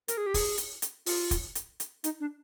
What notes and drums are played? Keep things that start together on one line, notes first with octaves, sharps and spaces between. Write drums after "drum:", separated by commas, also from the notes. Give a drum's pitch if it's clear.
A#4, drum: hi-hat
G#4
G4
G#4, drum: kick, open hi-hat
drum: hi-hat
drum: hi-hat
F4, drum: open hi-hat
drum: kick, hi-hat
drum: hi-hat
drum: hi-hat
D#4, drum: hi-hat
D4